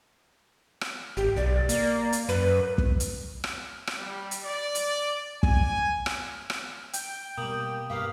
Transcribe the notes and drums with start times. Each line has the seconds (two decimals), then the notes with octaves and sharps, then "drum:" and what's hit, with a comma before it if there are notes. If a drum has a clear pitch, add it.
0.81 drum: rim click
1.17 G#1 G4
1.37 B1 D5
1.69 A#3, drum: hi-hat
2.12 drum: hi-hat
2.29 F#2 B4
2.78 drum: kick
3.00 drum: hi-hat
3.44 drum: rim click
3.87 drum: rim click
3.98 G3
4.31 drum: hi-hat
4.44 D5
4.75 drum: hi-hat
5.43 G#5, drum: kick
6.06 drum: rim click
6.50 drum: rim click
6.93 G5, drum: hi-hat
7.38 B2 G3 A#3 D#6 F#7
7.90 G2 A#3 B3 G4 F5